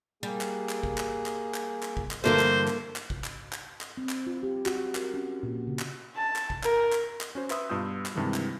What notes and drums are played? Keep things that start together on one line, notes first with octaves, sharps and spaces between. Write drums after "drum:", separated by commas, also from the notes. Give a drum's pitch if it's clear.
G3 A#3 G#4
drum: clap
drum: clap
drum: kick
drum: clap
drum: clap
drum: clap
drum: clap
drum: kick
drum: clap
G2 D3 E3 A3 A#3 A#4 C5
drum: clap
drum: clap
drum: clap
drum: kick
drum: clap
drum: clap
drum: clap
C4
drum: clap
F4
G4
F#4, drum: clap
A#4, drum: clap
C#4
A#2
C#3
drum: clap
A5
drum: clap
drum: kick
A#4, drum: clap
drum: clap
drum: clap
C#4 F#4 C5
B4 E5 C6 D#6 E6, drum: clap
G2 B2 F4 D#6 E6 G6
drum: clap
G2 C3 D#3 E3 G#3
drum: clap